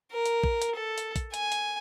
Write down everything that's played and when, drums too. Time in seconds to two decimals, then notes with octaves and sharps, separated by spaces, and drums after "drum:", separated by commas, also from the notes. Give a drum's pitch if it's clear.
0.12 A#4
0.26 drum: hi-hat
0.44 drum: kick
0.62 drum: hi-hat
0.75 A4
0.98 drum: hi-hat
1.16 drum: kick, hi-hat
1.34 G#5, drum: hi-hat
1.52 drum: hi-hat